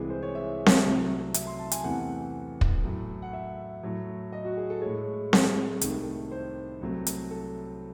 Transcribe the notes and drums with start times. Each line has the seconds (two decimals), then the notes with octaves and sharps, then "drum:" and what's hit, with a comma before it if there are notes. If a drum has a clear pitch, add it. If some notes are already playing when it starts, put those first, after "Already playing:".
Already playing: C2 C3 E3 G#3 G#4
0.10 C5
0.22 C#5
0.35 E5
0.66 drum: snare C4
0.85 C2 C3 F#3 A3
1.34 E5, drum: hi-hat
1.47 C6
1.59 A5
1.71 G#5, drum: hi-hat
1.84 E2 C3 E3 A3 F#5
2.61 drum: kick
2.83 A2 F#3 A3
3.22 F#5
3.33 E5
3.83 A2 F#3 A3
4.32 D#5
4.45 F#4
4.57 G#4
4.70 A4
4.82 A2 G#3 C#5
5.33 drum: snare C4
5.81 C2 C3 D#3 A3, drum: hi-hat
6.31 C5
6.81 C2 C3 F#3 A3
7.07 drum: hi-hat
7.31 A4